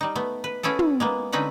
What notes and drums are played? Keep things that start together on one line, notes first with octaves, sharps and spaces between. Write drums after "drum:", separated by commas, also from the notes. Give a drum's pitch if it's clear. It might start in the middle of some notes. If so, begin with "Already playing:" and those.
G3 D#4
A3 B3
B4
B3 C#4 E4 G#4 A4
drum: tom
G#3 A#3 B3
D3 C4 C#4 D#4 B4 F#5